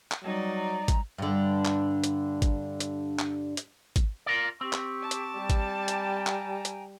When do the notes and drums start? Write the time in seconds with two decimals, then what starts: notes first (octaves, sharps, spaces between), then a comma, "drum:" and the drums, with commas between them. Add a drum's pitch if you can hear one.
0.11 drum: clap
0.24 F#3 G3 D#4 D5
0.56 A#5
0.88 drum: kick G#1, hi-hat
1.18 G2 D3
1.65 drum: clap
2.04 drum: hi-hat
2.42 drum: kick G#1, hi-hat
2.80 drum: hi-hat
3.19 drum: clap
3.57 drum: hi-hat
3.96 drum: kick G#1, hi-hat
4.26 F4 A#4 D5
4.61 C4 G4 C#6
4.73 drum: clap
5.02 A5 D6
5.11 drum: hi-hat
5.38 G3
5.50 drum: kick G#1, hi-hat
5.88 G5 G#5 A#5, drum: hi-hat
6.26 drum: clap
6.65 drum: hi-hat